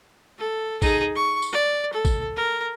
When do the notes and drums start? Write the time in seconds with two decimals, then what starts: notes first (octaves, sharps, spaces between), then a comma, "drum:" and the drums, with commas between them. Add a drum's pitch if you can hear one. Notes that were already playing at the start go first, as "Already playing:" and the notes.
0.38 A4
0.82 D#4 G#4, drum: kick, tambourine
1.15 C#6
1.42 drum: tambourine
1.52 D5
1.93 A4
2.05 drum: kick, tambourine
2.36 A#4